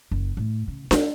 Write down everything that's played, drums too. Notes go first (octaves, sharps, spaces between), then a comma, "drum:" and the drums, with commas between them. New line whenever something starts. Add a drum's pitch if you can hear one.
F#1
A2
C#3
E4, drum: snare D4